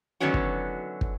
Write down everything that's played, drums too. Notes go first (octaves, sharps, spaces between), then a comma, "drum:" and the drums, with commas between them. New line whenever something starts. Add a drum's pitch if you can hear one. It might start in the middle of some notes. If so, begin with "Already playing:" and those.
D3 D#3 F#3 B3 C#4 F#4
drum: kick
drum: kick